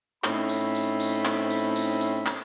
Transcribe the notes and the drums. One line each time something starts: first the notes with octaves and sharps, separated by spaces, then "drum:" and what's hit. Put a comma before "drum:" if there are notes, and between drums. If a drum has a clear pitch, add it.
A2 C4 C#4 D#4 E5 B5, drum: clap
drum: tambourine
drum: tambourine
drum: tambourine
drum: clap
drum: tambourine
drum: tambourine
drum: tambourine
drum: clap